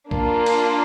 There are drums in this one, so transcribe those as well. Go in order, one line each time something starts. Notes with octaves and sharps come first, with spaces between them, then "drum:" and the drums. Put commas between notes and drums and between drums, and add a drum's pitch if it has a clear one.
A#3 D4 F4, drum: kick B1
drum: cymbal